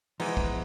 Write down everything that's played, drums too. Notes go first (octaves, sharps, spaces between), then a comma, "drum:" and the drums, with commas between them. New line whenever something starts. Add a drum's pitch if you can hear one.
E3 F3 G#3 B3 D#4, drum: cymbal
drum: kick